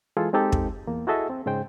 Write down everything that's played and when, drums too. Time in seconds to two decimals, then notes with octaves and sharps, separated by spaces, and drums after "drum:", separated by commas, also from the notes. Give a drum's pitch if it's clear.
0.17 E3 G#3 F4 G#4 A4
0.33 G#3 C4 D#4 G4 A4
0.52 drum: kick
0.87 E2 A#3
1.07 E4 F#4 G#4 A4 D#5 E5
1.30 C4
1.46 G#2 C#3 G#3 C5 G5